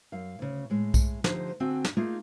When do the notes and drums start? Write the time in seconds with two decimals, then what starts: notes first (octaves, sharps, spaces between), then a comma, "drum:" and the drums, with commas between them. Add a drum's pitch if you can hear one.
0.12 F#2 F5
0.39 D2 C#3
0.70 A2 G#3
0.94 drum: kick B1, tambourine
1.24 D3 F3 D#4 G4 C5, drum: snare
1.60 D3 C4 F#4 G5 G#5
1.84 drum: snare
1.97 A3 A#3 D#4 F4 G#4